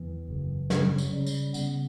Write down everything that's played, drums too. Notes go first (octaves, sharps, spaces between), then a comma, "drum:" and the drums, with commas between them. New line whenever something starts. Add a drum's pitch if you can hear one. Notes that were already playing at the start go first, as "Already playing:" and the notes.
Already playing: E2 E3
F#1
C#3 F#3, drum: snare
drum: tambourine
C#3 G3
drum: tambourine
C#3 B3, drum: tambourine